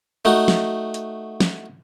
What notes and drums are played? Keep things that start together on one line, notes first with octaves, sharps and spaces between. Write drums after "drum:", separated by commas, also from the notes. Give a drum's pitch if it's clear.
A3 D#4 F#4
drum: snare
drum: hi-hat
drum: snare